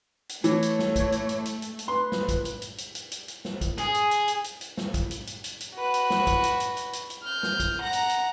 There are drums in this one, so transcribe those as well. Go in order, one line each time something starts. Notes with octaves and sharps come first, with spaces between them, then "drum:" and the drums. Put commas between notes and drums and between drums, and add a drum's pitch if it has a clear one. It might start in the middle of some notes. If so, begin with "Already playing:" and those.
drum: hi-hat
E3 A3 C#5, drum: hi-hat
drum: hi-hat
drum: snare
drum: kick, hi-hat
drum: hi-hat
drum: hi-hat
drum: hi-hat
drum: hi-hat
drum: hi-hat
B4 C6
drum: snare
drum: kick, hi-hat
drum: hi-hat
drum: hi-hat
drum: hi-hat
drum: hi-hat
drum: hi-hat
drum: hi-hat
drum: snare
drum: kick, hi-hat
G#4, drum: hi-hat
drum: hi-hat
drum: hi-hat
drum: hi-hat
drum: hi-hat
drum: hi-hat
drum: snare
drum: kick, hi-hat
drum: hi-hat
drum: hi-hat
drum: hi-hat
drum: hi-hat
F#4 B4
drum: hi-hat
drum: snare
drum: kick, hi-hat
drum: hi-hat
drum: hi-hat
drum: hi-hat
drum: hi-hat
drum: hi-hat
F6 G6
drum: snare
drum: kick, hi-hat
F#5 A#5
drum: hi-hat
drum: hi-hat